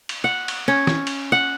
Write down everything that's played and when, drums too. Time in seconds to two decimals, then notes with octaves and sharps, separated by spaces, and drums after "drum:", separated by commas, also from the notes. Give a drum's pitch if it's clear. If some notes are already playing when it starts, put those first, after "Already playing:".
0.09 drum: cymbal
0.24 F#5
0.48 drum: cymbal
0.68 C#4
0.87 drum: snare
1.07 drum: cymbal
1.32 F#5